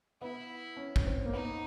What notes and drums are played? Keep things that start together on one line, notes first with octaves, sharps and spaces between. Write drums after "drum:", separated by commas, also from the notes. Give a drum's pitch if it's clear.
B3 E4
C#4
C#4, drum: kick
C4
A#3
B3 D#4